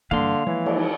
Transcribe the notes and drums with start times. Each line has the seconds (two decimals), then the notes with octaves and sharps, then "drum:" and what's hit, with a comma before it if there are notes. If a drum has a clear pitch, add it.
0.11 G2 D3 E3 A#3 F5 C6
0.47 E3 F3 G#3 C#5
0.66 drum: cymbal